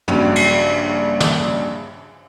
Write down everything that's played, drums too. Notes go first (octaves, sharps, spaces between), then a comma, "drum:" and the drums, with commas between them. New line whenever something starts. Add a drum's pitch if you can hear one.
A#1 G2 C#3 F#3, drum: tom
drum: cymbal
drum: snare